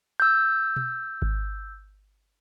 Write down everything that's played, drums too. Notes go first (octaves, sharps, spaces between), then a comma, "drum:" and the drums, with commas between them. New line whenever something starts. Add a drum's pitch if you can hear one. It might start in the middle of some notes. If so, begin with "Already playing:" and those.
E6 G6
drum: tom B2
drum: kick G#1